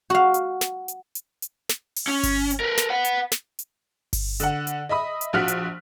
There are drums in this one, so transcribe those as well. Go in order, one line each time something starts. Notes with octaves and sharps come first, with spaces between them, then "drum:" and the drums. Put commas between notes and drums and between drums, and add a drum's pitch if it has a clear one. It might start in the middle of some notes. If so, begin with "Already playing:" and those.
F#4 F5
drum: hi-hat
drum: snare
drum: hi-hat
drum: hi-hat
drum: hi-hat
drum: snare
drum: open hi-hat
C#4
drum: kick G1, open hi-hat
drum: hi-hat
A#4 B4
drum: snare
B4 F#5
drum: hi-hat
drum: snare
drum: hi-hat
drum: kick G1, open hi-hat
D3 F#5, drum: hi-hat
drum: hi-hat
D#5 E5 B5 D#6
drum: hi-hat
A#1 F3 F#4 F6 F#6 B6
drum: hi-hat